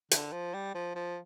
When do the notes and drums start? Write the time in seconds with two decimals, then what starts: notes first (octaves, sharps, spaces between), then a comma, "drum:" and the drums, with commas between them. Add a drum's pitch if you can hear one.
0.11 D3, drum: hi-hat
0.32 F3
0.54 G3
0.75 F3
0.96 F3